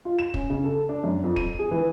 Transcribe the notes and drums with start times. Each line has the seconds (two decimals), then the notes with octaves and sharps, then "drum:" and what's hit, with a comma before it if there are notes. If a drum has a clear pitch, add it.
0.05 F4
0.19 E7
0.34 C#4, drum: kick
0.50 C#3
0.64 A4
0.89 D4
1.03 F#2
1.23 F2
1.36 D#7, drum: kick
1.59 G#4
1.71 E3